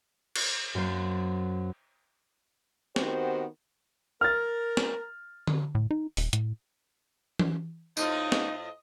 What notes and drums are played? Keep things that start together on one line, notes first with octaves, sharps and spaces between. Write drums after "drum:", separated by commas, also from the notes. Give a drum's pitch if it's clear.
drum: cymbal
F#2 A#3 C5
D#3 B3 C4 F#4 G4 C5, drum: snare
A#4 F6 A6
drum: snare
drum: tom D3
A2
D#4
D#1, drum: open hi-hat
A2, drum: hi-hat
drum: tom E3
A2 C4 D#4 F4 D#5, drum: tambourine
drum: snare